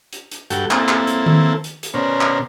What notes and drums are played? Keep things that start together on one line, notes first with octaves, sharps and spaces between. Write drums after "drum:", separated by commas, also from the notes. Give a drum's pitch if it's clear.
drum: hi-hat
drum: hi-hat
G2 F#4 A4 G5, drum: hi-hat
A#3 C4 E4 A4, drum: clap
drum: clap
drum: hi-hat
drum: tom D#3
drum: hi-hat
drum: hi-hat
B2 C#4 A#4 C5 D5
drum: clap